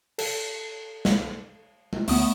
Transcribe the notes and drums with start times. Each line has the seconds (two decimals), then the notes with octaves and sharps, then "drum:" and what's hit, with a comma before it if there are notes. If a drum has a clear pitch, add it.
0.18 A4, drum: cymbal
1.05 drum: snare
1.93 drum: tom G#3
2.08 D2 A3 B3 D#6, drum: open hi-hat